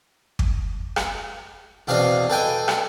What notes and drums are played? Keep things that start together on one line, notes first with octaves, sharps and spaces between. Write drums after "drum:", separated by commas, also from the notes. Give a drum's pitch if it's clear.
drum: kick
drum: rim click
E2 B2 C4 D4 D#5 F5
A4 B4 D#5 G5 G#5
drum: rim click